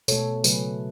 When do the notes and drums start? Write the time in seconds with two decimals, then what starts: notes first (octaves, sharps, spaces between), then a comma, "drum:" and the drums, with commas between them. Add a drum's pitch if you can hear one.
0.08 B2 A3 A4 C#5, drum: tambourine
0.44 C#3 F#3 A3 G#4 B4, drum: tambourine